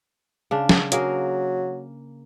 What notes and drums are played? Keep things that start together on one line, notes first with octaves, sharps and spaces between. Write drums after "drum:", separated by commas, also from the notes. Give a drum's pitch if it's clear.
C#3 D4
drum: snare
F#3 A#3 G#4 A#4, drum: hi-hat